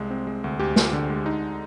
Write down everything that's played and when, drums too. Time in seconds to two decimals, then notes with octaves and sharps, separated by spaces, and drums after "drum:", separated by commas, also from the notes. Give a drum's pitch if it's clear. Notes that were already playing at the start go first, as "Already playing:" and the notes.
Already playing: C2 G#3
0.10 C4
0.27 G#3
0.44 D2
0.60 D2 G4
0.76 D2, drum: snare
0.93 D3
1.10 G#3
1.26 D#4